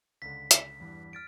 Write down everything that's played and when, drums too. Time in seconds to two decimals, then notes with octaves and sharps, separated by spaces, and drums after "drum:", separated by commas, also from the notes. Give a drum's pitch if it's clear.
0.22 C#2 D3 B6
0.51 drum: hi-hat
0.80 E2 G2 E3
1.13 F6 A6 D7